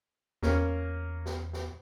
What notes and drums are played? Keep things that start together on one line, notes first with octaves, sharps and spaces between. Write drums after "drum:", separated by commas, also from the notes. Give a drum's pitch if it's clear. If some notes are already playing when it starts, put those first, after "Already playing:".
E2 A#3 C#4, drum: snare
drum: snare
drum: snare